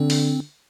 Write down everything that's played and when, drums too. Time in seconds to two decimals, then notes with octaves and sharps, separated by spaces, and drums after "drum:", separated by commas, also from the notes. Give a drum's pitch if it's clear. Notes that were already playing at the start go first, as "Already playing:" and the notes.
Already playing: D3 C4
0.10 drum: open hi-hat